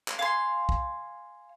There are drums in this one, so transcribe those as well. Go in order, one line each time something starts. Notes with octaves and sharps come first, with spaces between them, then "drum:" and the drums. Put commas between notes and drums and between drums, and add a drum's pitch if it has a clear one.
drum: clap
F5 G#5 C6
drum: kick